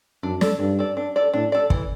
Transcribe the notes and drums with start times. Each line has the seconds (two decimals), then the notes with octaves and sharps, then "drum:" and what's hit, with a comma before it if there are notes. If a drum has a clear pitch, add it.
0.23 F#2 D4
0.41 A4 D5, drum: snare
0.60 G2 D4
0.79 A4 D5
0.97 D4
1.16 A4 D5
1.33 A2 D4
1.52 A4 D5
1.70 E3, drum: kick